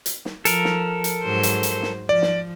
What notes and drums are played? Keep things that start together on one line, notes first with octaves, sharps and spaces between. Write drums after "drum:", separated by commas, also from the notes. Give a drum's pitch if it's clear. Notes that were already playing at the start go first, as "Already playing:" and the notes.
drum: hi-hat
drum: snare
F3 A4 A#4, drum: hi-hat
drum: snare
drum: hi-hat
G#2 F#3 C5
drum: hi-hat
drum: hi-hat
drum: snare
F3 D5
drum: snare